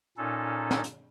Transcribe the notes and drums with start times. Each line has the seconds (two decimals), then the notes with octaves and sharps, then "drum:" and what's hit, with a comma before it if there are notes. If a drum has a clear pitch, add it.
0.18 A#2 C#4 D#4 A4
0.71 drum: snare
0.84 drum: hi-hat